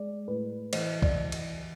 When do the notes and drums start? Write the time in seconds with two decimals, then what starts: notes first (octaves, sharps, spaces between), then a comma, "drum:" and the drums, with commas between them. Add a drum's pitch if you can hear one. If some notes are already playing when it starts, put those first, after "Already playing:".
Already playing: G#3 D5
0.28 A2 B4
0.73 E3 C5, drum: cymbal
1.02 D5, drum: kick
1.32 drum: cymbal